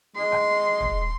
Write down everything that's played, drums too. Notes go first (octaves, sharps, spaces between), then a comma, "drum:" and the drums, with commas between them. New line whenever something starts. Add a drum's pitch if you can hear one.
G#3 C6
drum: rim click
drum: kick